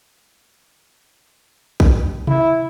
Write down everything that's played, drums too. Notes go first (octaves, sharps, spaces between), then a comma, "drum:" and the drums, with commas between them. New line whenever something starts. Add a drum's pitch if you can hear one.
drum: kick
E4, drum: tom C3